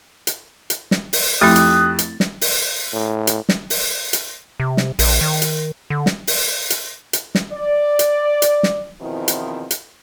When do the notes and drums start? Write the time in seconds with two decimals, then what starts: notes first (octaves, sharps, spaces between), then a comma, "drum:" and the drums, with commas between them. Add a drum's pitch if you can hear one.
0.27 drum: hi-hat
0.70 drum: hi-hat
0.91 drum: snare
1.13 drum: open hi-hat
1.41 F2 A3 C4 E4 G4 D#6 F#6 A6
1.56 drum: hi-hat
1.99 drum: hi-hat
2.20 drum: snare
2.41 drum: open hi-hat
2.93 A2
3.27 drum: hi-hat
3.49 drum: snare
3.70 drum: open hi-hat
4.13 drum: hi-hat
4.60 C3
4.77 drum: snare
4.99 A#1, drum: open hi-hat
5.21 D#3
5.42 drum: hi-hat
5.90 D3
6.06 drum: snare
6.27 drum: open hi-hat
6.70 drum: hi-hat
7.13 drum: hi-hat
7.35 drum: snare
7.53 D5
7.99 drum: hi-hat
8.42 drum: hi-hat
8.63 drum: snare
9.01 E2 B2 D#3 F3 C4 E4
9.28 drum: hi-hat
9.71 drum: hi-hat